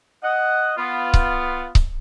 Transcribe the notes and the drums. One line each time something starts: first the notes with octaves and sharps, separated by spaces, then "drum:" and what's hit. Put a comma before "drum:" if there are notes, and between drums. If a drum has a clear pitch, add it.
D#5 F#5
B3 F4
drum: kick C#1
drum: kick C#1